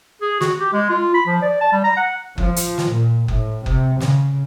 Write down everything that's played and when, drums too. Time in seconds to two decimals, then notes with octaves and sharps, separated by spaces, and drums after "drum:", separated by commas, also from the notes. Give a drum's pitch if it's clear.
0.22 G#4
0.41 F#4, drum: snare
0.60 G4
0.73 G#3
0.90 F4
1.14 B5
1.26 F3
1.42 D5
1.61 A5
1.73 G3
1.84 A#5
1.97 F#5
2.38 F3, drum: kick F#1
2.56 drum: hi-hat
2.78 drum: snare
2.89 A#2
3.28 A2, drum: kick F#1
3.66 C3, drum: kick F#1
4.00 C#3, drum: snare